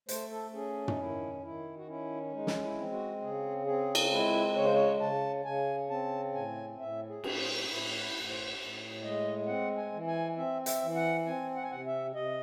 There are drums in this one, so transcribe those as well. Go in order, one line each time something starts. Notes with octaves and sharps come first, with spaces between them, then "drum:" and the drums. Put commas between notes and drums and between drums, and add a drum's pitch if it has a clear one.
A3 C5, drum: hi-hat
A4
C#4 G#4
D#4, drum: tom
D#3 E4
D#3 E4
F#4
C#4 E4
G#3 D#4
drum: snare
E4
C4
F#4
C#3 G#4
C4 G#4
drum: cymbal
G#3 E4
C#3 C#5
C5
C#5
C#3 A5
C#3 G#5
C4 A5
A2 G#5
A2 E5
G#4
A2, drum: cymbal
C5
A2 E4
E4
A2
C5
A2
G#3 D#5
C4 F#5
G#5
E3
G#5
C4 E5
E5, drum: hi-hat
E3
F#5
C4 G#5
F#5
G#5
C3 F#5
E5
C3 D#5